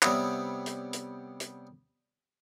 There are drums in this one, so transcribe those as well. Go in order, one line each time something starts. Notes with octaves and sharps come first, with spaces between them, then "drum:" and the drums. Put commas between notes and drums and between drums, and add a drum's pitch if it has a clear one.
C3 G3 B3 C#5 E5 D#6, drum: clap
drum: hi-hat
drum: hi-hat
drum: hi-hat